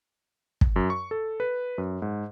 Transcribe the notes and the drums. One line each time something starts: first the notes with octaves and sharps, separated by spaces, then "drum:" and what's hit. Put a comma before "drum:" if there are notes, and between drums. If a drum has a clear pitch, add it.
drum: kick
F#2
C#6
A4
B4
F#2
G#2